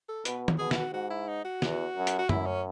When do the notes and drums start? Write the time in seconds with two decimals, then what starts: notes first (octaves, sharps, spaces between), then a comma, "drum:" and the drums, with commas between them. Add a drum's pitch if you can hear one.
0.09 A4
0.25 B2 B4, drum: hi-hat
0.48 drum: tom D#3
0.59 B2 G#4
0.71 E4, drum: snare
0.76 F#4
0.93 G#2 F#4
1.11 E4
1.28 D#4
1.45 F#4
1.62 E2, drum: snare
1.96 F#2
2.07 drum: hi-hat
2.19 F#4
2.29 F#2 E4, drum: tom F#2
2.46 C#4